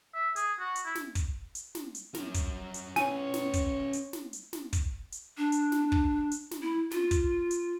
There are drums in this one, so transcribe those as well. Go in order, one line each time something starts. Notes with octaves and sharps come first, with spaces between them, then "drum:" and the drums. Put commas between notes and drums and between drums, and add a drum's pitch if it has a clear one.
E5
G#4, drum: hi-hat
F#4
drum: hi-hat
E4
drum: snare
drum: kick, hi-hat
drum: hi-hat
drum: snare
drum: hi-hat
C#4 A#4, drum: snare
drum: kick, hi-hat
drum: hi-hat
C#4 B4 C#5 G#5, drum: snare
drum: snare
drum: kick, hi-hat
drum: hi-hat
drum: snare
drum: hi-hat
drum: snare
drum: kick, hi-hat
drum: hi-hat
D4
drum: hi-hat
drum: snare
drum: kick
drum: hi-hat
drum: snare
E4
F4, drum: snare
drum: kick, hi-hat
drum: hi-hat